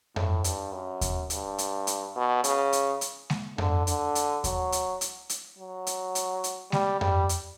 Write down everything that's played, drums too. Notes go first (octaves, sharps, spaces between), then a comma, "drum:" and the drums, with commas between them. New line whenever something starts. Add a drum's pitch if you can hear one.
A2, drum: tom F2
G2, drum: hi-hat
F#2
drum: kick D#2, hi-hat
G2, drum: hi-hat
drum: hi-hat
drum: hi-hat
B2
C#3, drum: hi-hat
drum: hi-hat
drum: hi-hat
drum: snare G#3
D3, drum: tom F2
D3, drum: hi-hat
drum: hi-hat
F#3, drum: kick D#2, hi-hat
drum: hi-hat
drum: hi-hat
drum: hi-hat
F#3
drum: hi-hat
drum: hi-hat
drum: hi-hat
G3, drum: snare G#3
G3, drum: tom F2
drum: hi-hat